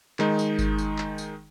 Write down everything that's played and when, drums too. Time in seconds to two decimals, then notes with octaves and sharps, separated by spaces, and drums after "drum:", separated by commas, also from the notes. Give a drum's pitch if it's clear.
0.19 D#3 G#3 D#4, drum: clap
0.39 drum: tambourine
0.59 drum: kick G1, tambourine
0.78 drum: tambourine
0.98 drum: clap
1.18 drum: tambourine